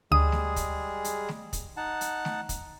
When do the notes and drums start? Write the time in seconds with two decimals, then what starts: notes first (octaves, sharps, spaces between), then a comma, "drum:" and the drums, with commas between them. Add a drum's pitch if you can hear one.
0.12 D2 G3 G#3 G#4 D#6
0.32 drum: snare
0.56 drum: kick, hi-hat
1.04 drum: hi-hat
1.29 drum: snare
1.53 drum: kick, hi-hat
1.77 D#4 F#5 A5
2.01 drum: hi-hat
2.25 drum: snare
2.49 drum: kick, hi-hat